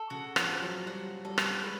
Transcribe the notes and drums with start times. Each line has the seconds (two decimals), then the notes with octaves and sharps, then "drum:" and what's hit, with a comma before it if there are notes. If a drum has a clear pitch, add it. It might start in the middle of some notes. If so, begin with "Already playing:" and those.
Already playing: A4
0.10 C#3 F#4
0.36 F3, drum: rim click
0.49 C5
0.62 F#3
0.86 G3 F#4
1.25 G3 A4
1.38 drum: rim click
1.63 G#3 B4